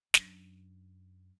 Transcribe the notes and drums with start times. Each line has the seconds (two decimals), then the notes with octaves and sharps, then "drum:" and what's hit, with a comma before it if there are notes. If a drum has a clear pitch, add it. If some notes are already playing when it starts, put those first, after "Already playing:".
0.14 F#2 D4, drum: snare